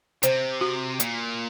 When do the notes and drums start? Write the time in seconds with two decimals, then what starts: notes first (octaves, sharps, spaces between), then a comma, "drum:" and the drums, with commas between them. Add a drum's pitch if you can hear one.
0.23 C3 C5, drum: hi-hat
0.61 F#4
1.00 A#2, drum: hi-hat